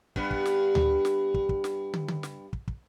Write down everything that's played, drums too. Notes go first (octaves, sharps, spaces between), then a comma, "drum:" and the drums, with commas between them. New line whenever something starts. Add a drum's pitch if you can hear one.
G2 B3, drum: kick
drum: kick
drum: snare
drum: tom D2
drum: snare
drum: kick
drum: kick
drum: snare
drum: tom
drum: tom
drum: snare
drum: kick
drum: kick